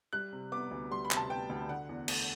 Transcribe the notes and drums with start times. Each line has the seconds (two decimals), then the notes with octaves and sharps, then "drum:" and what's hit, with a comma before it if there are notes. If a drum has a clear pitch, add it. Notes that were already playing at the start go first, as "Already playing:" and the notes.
0.13 G3 F#6
0.33 C3
0.52 B3 D6
0.71 D2
0.91 G3 C6
1.05 B5
1.11 C3, drum: clap
1.17 A5
1.30 B3 G5
1.49 D2
1.69 D3 F#5
1.89 E2
2.08 A3, drum: cymbal